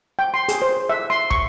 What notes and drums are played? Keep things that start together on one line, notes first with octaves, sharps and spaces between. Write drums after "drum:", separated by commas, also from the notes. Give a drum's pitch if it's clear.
G5
C6
G#4, drum: hi-hat
C5
E5
C6
C#6, drum: kick